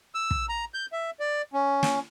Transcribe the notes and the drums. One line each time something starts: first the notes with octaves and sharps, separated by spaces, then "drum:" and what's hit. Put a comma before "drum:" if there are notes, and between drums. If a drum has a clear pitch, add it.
E6
drum: kick
A#5
G6
E5
D5
C#4
drum: snare